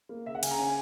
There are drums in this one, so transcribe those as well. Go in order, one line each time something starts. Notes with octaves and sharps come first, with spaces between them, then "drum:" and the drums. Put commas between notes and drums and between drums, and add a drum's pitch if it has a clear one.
A#3
C#3 E5
F#5
C#3 G#5, drum: cymbal
A#5
C#4 G#5